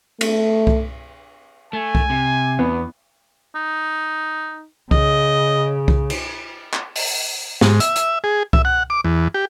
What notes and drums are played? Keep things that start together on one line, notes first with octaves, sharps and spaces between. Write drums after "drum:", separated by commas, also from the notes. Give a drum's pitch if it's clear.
A3, drum: cymbal
drum: kick C2
A3 G#5
drum: kick C2
C3
E2 B3
D#4
C#3 D#5, drum: kick C2
drum: kick C2
drum: cymbal
drum: clap
drum: open hi-hat
G#2, drum: snare
E5, drum: hi-hat
drum: hi-hat
G#4
E5, drum: kick C2
F#5
D6
E2
G4